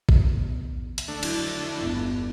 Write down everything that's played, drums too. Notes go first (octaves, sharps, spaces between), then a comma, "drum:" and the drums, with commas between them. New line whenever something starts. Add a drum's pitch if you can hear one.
drum: kick A1
E2
drum: hi-hat
D3 A3 D4
F2 F#3 E4, drum: cymbal
G1 E2